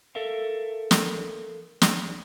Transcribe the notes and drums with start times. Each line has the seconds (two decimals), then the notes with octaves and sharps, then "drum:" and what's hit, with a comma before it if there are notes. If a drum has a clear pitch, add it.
0.15 A4 A#4 E5 F5
0.91 drum: snare
1.82 drum: snare